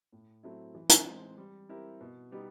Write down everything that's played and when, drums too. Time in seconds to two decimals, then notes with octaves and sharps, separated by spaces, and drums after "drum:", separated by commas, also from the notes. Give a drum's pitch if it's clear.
0.12 A2
0.43 F#3 A3 C4 E4
0.75 E3
0.89 drum: hi-hat
1.06 G#3 C4
1.38 G3
1.69 C4 E4 G4 A#4
2.01 B2
2.32 G3 B3 D#4 G4